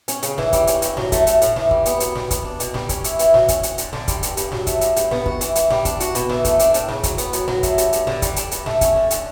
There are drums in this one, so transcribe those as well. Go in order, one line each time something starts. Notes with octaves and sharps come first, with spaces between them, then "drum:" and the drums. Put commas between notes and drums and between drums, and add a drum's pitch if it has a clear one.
C#4, drum: hi-hat
C#3, drum: hi-hat
E3, drum: snare
G3, drum: kick, hi-hat
C#4, drum: hi-hat
G2, drum: hi-hat
F#3, drum: snare
A3, drum: kick, hi-hat
A2, drum: hi-hat
A2, drum: hi-hat
E3, drum: snare
G3, drum: kick
B3, drum: hi-hat
F#2, drum: hi-hat
G3, drum: snare
B3, drum: kick, hi-hat
D4
B2, drum: hi-hat
G3, drum: snare
C#4, drum: kick, hi-hat
E4, drum: hi-hat
E3, drum: hi-hat
F#3, drum: snare
C#4, drum: kick, hi-hat
F#4, drum: hi-hat
D3, drum: hi-hat
D3, drum: snare
G3, drum: kick, hi-hat
G2, drum: hi-hat
G2, drum: hi-hat
F#3, drum: snare
A3, drum: kick, hi-hat
G2, drum: hi-hat
G2, drum: hi-hat
B3, drum: snare
F#4, drum: kick
E3, drum: hi-hat
E3, drum: hi-hat
G3, drum: snare
D4, drum: kick, hi-hat
F#4, drum: hi-hat
B2, drum: hi-hat
E3, drum: snare
A3, drum: kick, hi-hat
D4, drum: hi-hat
A2, drum: hi-hat
C#3, drum: snare
F#3, drum: kick, hi-hat
B3, drum: hi-hat
F#2, drum: hi-hat
F#3, drum: snare
A3, drum: kick, hi-hat
G2, drum: hi-hat
G2, drum: hi-hat
D3, drum: snare
G3, drum: kick, hi-hat
D4, drum: hi-hat
G2, drum: hi-hat
A3, drum: snare
C#4, drum: kick, hi-hat
D3
D3, drum: hi-hat